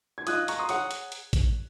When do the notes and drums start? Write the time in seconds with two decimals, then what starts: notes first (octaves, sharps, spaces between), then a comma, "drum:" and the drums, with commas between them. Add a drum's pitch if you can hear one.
0.18 G#6
0.27 F4 G#4 D#5 D#6 F#6, drum: hi-hat
0.48 A#5 C#6, drum: hi-hat
0.58 C6 D#6
0.69 G#4 C#5 F#5 A#5 D#6 F#6, drum: hi-hat
0.91 drum: hi-hat
1.12 drum: hi-hat
1.33 drum: kick A1, hi-hat